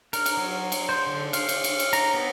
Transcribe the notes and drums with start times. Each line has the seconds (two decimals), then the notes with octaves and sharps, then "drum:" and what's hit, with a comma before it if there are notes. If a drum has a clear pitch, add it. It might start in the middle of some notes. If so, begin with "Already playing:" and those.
0.13 A#4, drum: cymbal
0.26 drum: cymbal
0.37 F#3
0.72 drum: cymbal
0.89 C5
1.07 D3
1.33 F5, drum: cymbal
1.49 drum: cymbal
1.64 drum: cymbal
1.79 drum: cymbal
1.93 A#5, drum: cymbal
2.14 B3